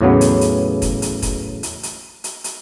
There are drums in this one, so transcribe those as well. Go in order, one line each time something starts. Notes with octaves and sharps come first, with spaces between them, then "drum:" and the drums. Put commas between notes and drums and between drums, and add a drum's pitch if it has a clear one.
E2 A2 C#3 F#3 B3
drum: hi-hat
drum: hi-hat
drum: kick, hi-hat
drum: hi-hat
drum: kick, hi-hat
drum: hi-hat
drum: hi-hat
drum: hi-hat
drum: hi-hat